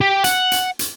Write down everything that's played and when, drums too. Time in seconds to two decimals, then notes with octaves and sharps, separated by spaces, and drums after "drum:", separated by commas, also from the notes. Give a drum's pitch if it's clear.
0.01 G4
0.24 F#5, drum: hi-hat
0.52 drum: hi-hat
0.79 drum: hi-hat